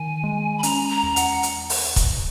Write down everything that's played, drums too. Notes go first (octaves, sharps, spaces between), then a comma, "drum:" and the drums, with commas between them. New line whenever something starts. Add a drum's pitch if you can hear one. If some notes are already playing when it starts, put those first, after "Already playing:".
Already playing: D#3 G#5
G#3
B5
C#4 A#5, drum: hi-hat
A#5
E2
F#5, drum: hi-hat
drum: hi-hat
drum: open hi-hat
drum: kick, hi-hat